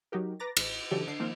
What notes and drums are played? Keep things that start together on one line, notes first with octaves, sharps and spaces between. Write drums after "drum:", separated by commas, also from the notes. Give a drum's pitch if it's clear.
F#3 D#4 F#4 G4 A#4
B4 A#5 D6 A6 A#6
A1, drum: cymbal
C#3 E3 F#3 D4 G4 A4
D3 C7
D#3 F3 A#3 C4 F5